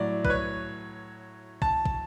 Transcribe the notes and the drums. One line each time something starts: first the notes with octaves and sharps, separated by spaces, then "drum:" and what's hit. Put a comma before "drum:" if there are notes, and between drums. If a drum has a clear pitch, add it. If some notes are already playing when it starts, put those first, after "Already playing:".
Already playing: A2 F#3 D5
B4, drum: kick
C#5
A5, drum: kick
drum: kick